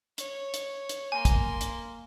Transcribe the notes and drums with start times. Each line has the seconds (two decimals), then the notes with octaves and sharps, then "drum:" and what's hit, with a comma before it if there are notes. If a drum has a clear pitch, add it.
0.18 C#5, drum: hi-hat
0.54 drum: hi-hat
0.89 drum: hi-hat
1.12 A#3 G#5 C6
1.25 drum: kick, hi-hat
1.61 drum: hi-hat